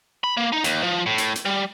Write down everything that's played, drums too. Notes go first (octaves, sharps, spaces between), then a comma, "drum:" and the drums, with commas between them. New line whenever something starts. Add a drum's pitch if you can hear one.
B5
A#3
D#4
D#2, drum: hi-hat
F3
A2
drum: hi-hat
drum: hi-hat
G3